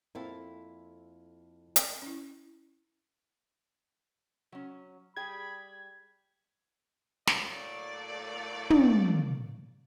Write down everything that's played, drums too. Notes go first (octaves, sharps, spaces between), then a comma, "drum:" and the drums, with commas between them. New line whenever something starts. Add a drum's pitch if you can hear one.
F2 A#3 C4 E4 A4 F5
drum: hi-hat
C#4 E4
F#3 C#4
G3 G#4 G5 B5 G#6
A2 F#3 A3 A#3 D5, drum: snare
drum: tom